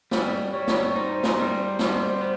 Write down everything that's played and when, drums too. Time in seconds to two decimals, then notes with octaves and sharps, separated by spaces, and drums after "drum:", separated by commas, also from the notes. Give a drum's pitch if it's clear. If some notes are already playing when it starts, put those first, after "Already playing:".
0.11 G3, drum: snare
0.53 G3 C#5
0.67 drum: snare
0.95 D#4 C5
1.23 drum: snare
1.37 G3
1.79 G3, drum: snare
2.21 B3